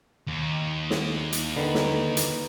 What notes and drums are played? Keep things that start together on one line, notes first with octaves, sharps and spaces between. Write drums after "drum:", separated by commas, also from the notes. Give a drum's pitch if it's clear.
D#2
drum: snare
drum: hi-hat
D3 D#3 B4
drum: snare
drum: hi-hat